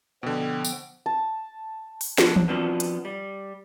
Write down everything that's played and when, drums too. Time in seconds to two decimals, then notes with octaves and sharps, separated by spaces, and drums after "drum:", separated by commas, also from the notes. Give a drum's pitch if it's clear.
0.23 B2 D3 F3 B3 G5
0.65 drum: tambourine
1.06 A5
2.01 drum: open hi-hat
2.18 F3 B3 D4, drum: snare
2.36 drum: tom E3
2.48 F3 B3 C4 D4 F4 F#4
2.80 drum: hi-hat
3.05 G3